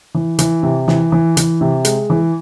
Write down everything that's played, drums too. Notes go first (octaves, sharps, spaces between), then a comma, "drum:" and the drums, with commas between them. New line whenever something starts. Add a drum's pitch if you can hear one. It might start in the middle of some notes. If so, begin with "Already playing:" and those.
E3
E3, drum: hi-hat
C3
E3, drum: snare
E3
E3, drum: hi-hat
C3
G#3, drum: hi-hat
E3